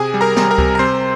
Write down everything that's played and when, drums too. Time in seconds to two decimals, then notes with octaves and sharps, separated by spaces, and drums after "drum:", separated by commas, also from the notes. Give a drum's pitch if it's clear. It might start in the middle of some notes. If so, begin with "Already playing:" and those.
Already playing: C3 G#4 G#5
0.14 G3
0.21 A#4 A#5
0.36 G3, drum: snare
0.51 A#4 A#5
0.58 C3, drum: kick C#2
0.75 A#5
0.79 C4 C5 C6